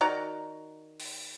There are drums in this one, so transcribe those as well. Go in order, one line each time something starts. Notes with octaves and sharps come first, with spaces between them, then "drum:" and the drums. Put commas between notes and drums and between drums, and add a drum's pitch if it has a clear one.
D#3 F#4 D5 A#5
drum: open hi-hat